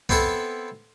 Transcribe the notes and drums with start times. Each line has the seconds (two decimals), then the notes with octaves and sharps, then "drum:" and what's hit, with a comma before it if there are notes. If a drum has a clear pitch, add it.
0.09 B3 C4 E4 A4 B4, drum: kick C2